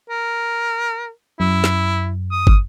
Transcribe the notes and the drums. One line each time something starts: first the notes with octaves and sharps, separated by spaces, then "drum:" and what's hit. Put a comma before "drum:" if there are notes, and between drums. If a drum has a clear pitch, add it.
A#4
F#2 E4
drum: snare
D#6
drum: kick